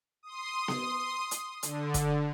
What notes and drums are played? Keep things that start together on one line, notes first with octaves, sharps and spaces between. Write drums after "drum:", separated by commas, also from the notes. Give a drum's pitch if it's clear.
C6 D#6
drum: snare B3
drum: hi-hat
D3, drum: hi-hat
drum: kick, hi-hat